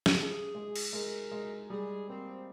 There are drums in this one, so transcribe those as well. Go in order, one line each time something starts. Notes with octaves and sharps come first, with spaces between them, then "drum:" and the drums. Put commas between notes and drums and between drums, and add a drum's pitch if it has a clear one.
drum: snare
G4 G#4
G#3
drum: cymbal
G#3 A#4
G#3
G3 G#4
A#3 C4